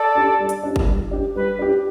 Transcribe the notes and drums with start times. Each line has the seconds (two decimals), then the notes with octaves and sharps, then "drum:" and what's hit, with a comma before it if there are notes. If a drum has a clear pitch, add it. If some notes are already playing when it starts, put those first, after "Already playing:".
Already playing: A4 D5
0.15 D4 G4
0.39 G3
0.49 drum: hi-hat
0.63 D4 G4
0.76 drum: kick G1
0.87 G3
1.11 D4 G4
1.36 G3 B4
1.59 D4 G4